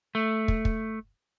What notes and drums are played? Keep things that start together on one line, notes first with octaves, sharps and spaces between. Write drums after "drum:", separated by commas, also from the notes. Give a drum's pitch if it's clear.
A3
drum: kick
drum: kick